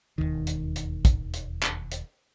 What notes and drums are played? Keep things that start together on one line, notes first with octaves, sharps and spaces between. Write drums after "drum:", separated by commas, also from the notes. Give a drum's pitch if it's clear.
E1 A#1 D#2 D#3
drum: hi-hat
drum: hi-hat
drum: kick, hi-hat
drum: hi-hat
drum: clap
drum: hi-hat